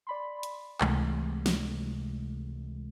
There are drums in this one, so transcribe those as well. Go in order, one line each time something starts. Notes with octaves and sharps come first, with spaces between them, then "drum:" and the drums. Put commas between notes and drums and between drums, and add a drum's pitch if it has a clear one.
D5 B5 C6
drum: hi-hat
C#2 C3 E3 G#3 A3, drum: clap
drum: snare